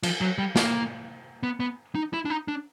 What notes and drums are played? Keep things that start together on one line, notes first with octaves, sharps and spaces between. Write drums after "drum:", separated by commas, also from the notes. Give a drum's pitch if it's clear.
F3, drum: cymbal
F#3
G3
A#3, drum: snare
B3
B3
D#4
E4
D4
D#4
D4